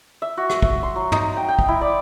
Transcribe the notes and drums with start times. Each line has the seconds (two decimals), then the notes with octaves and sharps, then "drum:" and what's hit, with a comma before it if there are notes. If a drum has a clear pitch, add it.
0.22 E5
0.37 F#4
0.50 drum: rim click
0.62 E5, drum: kick
0.83 C6
0.96 F#3
1.12 D#4, drum: tom
1.37 G5
1.49 G5
1.59 drum: kick
1.68 E4
1.81 D5